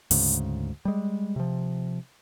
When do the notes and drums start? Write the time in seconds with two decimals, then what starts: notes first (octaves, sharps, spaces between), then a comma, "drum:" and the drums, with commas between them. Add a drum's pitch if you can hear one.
0.11 D2 G#2 C#3, drum: open hi-hat
0.85 G3 G#3
1.36 C3 F3